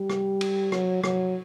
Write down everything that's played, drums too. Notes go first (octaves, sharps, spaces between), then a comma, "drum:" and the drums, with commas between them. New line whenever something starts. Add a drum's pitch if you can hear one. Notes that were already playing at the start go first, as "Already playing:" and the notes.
Already playing: G3
drum: rim click
drum: cymbal
F#3, drum: rim click
F#3, drum: rim click